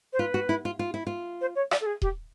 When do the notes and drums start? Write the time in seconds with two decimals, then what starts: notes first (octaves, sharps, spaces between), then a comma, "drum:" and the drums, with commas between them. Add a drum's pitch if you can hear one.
0.13 C5
0.19 F4 B4
0.34 F#4
0.49 E4
0.65 F4
0.79 F4
0.94 E4
1.07 F4
1.41 C5
1.55 C#5
1.71 D5, drum: rim click
1.81 A4
1.86 G#4
2.02 G4, drum: kick D#1